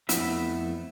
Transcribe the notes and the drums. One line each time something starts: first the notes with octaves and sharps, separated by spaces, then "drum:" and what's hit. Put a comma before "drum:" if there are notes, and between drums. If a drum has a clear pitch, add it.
F2 A3 B3 E4 E5, drum: hi-hat